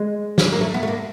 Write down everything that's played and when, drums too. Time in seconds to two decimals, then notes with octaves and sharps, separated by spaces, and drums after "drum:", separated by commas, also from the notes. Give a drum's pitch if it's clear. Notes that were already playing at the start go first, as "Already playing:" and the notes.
Already playing: G#3
0.38 drum: snare
0.52 A#3
0.61 A3
0.74 B3
0.83 A3
0.88 A#3